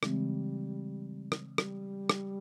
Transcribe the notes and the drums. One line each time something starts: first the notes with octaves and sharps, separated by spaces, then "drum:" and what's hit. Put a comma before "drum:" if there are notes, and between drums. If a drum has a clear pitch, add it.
C#3 E3 G3 G#3 C4, drum: rim click
drum: rim click
G3, drum: rim click
drum: rim click